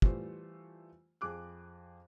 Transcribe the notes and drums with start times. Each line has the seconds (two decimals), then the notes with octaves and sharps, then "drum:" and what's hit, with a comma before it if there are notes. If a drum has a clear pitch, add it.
0.02 E3 G3 A3 F4 C5, drum: kick
1.21 F2 G#4 D6 F#6